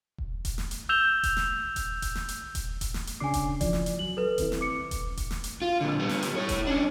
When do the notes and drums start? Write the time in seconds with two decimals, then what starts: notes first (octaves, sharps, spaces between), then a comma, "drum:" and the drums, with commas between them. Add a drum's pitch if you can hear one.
0.18 drum: kick E1
0.45 drum: kick E1, hi-hat
0.58 drum: snare
0.71 drum: hi-hat
0.89 E6 G6 E7 F7 G7
1.23 drum: kick E1, hi-hat
1.37 drum: snare
1.76 drum: kick E1, hi-hat
2.02 drum: kick E1, hi-hat
2.15 drum: snare
2.28 drum: hi-hat
2.55 drum: kick E1, hi-hat
2.81 drum: kick E1, hi-hat
2.94 drum: snare
3.07 drum: hi-hat
3.20 C#3 D4 G#5 D6 C7
3.34 drum: kick E1, hi-hat
3.61 E3 F3 D5, drum: kick E1, hi-hat
3.73 drum: snare
3.86 drum: hi-hat
3.99 F#3 F#7
4.17 A4 B4
4.38 D#3 C4 E4, drum: kick E1, hi-hat
4.52 drum: snare
4.61 D6 C#7
4.91 drum: kick E1, hi-hat
5.17 drum: kick E1, hi-hat
5.31 drum: snare
5.44 drum: hi-hat
5.62 F4
5.81 A#2 D3
6.00 G3 B3
6.09 drum: snare
6.22 drum: hi-hat
6.36 E4 C#5
6.49 drum: kick E1, hi-hat
6.67 C#4 D4